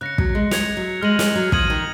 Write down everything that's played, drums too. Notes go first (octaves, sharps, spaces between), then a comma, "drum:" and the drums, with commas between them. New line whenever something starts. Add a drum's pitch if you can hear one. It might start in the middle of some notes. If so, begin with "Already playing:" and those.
C#3 F#6 A#6 C#7
F#3, drum: kick
G#3
G#3 G#6 C#7 F7, drum: snare
F#3
G#3 F6 A#6 D#7 F#7
G#3, drum: snare
F#3
F3 D#6 G#6 D#7 F#7, drum: kick
D#3